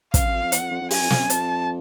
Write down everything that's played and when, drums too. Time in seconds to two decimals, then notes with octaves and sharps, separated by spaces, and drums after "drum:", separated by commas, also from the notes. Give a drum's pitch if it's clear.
0.14 F#2 F5, drum: kick, hi-hat
0.27 F#2
0.33 F2
0.43 F2
0.52 E2 F#5, drum: hi-hat
0.61 F2
0.71 F2
0.81 F2
0.91 F#2 G#5, drum: open hi-hat
1.00 F2
1.10 F2, drum: snare
1.20 F#2
1.30 F2 A5, drum: hi-hat